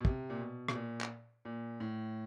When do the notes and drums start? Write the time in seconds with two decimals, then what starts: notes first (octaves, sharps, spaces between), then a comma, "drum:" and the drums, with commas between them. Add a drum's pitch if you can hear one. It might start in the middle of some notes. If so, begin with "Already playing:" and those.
0.01 B2
0.05 C3, drum: kick
0.30 A#2
0.41 B2
0.68 B2, drum: rim click
0.75 A#2
1.01 drum: clap
1.45 A#2
1.80 A2